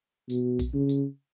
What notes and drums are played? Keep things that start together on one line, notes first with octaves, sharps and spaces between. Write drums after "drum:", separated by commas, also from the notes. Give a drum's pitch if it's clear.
B2, drum: tambourine
drum: kick A#1, tambourine
C#3
drum: tambourine